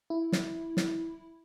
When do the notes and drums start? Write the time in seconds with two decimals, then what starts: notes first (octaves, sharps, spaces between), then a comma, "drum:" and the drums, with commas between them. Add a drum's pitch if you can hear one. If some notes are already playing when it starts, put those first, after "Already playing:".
0.10 E4
0.32 drum: snare
0.77 drum: snare